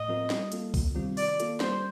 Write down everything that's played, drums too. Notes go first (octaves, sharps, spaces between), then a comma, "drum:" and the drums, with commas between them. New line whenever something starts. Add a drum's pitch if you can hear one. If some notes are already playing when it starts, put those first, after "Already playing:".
Already playing: A2 D#5
F3 C4 F4 A#4
G3, drum: snare
A#3 F4 A4, drum: hi-hat
C3, drum: kick, open hi-hat
D#3 G3 C4 F4
D#3 D5, drum: open hi-hat
A#3 F4 A4, drum: hi-hat
G3 C5, drum: snare